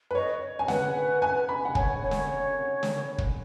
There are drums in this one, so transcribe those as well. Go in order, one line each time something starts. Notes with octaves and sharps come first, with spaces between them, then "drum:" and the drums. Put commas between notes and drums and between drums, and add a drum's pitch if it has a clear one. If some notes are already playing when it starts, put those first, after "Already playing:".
B4
C#5 D#5
C#5
G#5
B4 F#5, drum: snare
G#5
B5
F#5
C#5 G#5, drum: kick
C#5
drum: snare
C#5
drum: snare
drum: kick